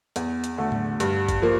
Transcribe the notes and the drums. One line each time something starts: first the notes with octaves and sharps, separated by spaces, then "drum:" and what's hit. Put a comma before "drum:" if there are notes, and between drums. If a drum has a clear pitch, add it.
E2, drum: hi-hat
drum: hi-hat
D3 A3
drum: tom A2
G2, drum: hi-hat
drum: kick G#1, hi-hat
F3 A#3